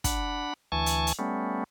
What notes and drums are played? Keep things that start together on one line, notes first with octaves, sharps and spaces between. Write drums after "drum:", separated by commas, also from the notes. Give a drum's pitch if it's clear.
D4 F#5 B5, drum: kick, hi-hat
D2 E3 G#5 A5 C#6
drum: hi-hat
drum: hi-hat
G3 A3 B3 C#4